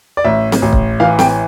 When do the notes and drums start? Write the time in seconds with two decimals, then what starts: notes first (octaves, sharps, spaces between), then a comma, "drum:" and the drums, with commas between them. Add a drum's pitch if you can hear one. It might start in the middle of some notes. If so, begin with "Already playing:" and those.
0.17 D5
0.24 A1 E5
0.52 drum: snare C4
0.62 A1
0.73 drum: kick
1.00 E3 F5
1.19 G5, drum: snare C4